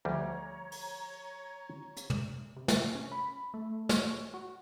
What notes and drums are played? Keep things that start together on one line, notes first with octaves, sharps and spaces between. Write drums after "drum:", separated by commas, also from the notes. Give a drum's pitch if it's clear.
D2 F3 G3 C#5 A#5
drum: open hi-hat
drum: hi-hat
drum: tom
C3
drum: snare
C#4
B5
A3
C#5, drum: snare
F#4